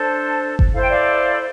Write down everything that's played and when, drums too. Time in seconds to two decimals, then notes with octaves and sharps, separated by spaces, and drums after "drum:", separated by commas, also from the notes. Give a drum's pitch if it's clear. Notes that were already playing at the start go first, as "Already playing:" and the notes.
Already playing: D4 A4 C5
0.59 drum: kick G1
0.73 E4 A4 C5 F5
0.82 G5
0.90 D5 F5